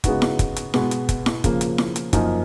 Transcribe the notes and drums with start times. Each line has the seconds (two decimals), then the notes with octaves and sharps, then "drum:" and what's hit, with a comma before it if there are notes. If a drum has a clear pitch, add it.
0.04 C#3 G#3 B3 D#4 F#4, drum: kick, hi-hat
0.22 drum: snare E4
0.39 drum: kick, hi-hat
0.56 drum: hi-hat
0.74 B2 G#3 B3 F#4 B4, drum: snare E4
0.91 drum: hi-hat
1.09 drum: kick, hi-hat
1.26 drum: snare E4
1.44 C#3 F3 A#3, drum: kick, hi-hat
1.61 drum: hi-hat
1.78 drum: snare E4
1.96 drum: hi-hat
2.13 F#2 F3 A#3 D#4, drum: kick, hi-hat